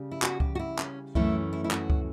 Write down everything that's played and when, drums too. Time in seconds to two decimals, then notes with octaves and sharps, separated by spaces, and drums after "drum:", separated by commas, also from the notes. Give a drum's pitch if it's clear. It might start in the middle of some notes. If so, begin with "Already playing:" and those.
Already playing: C#3 G3
0.11 E4
0.22 F#4, drum: clap
0.40 G4, drum: kick C#2
0.55 F#4
0.59 E4
0.78 C#4, drum: clap
1.15 F#2 E3 A3 C#4 E4, drum: kick C#2
1.53 E4
1.64 E4
1.71 F#4, drum: clap
1.90 drum: kick C#2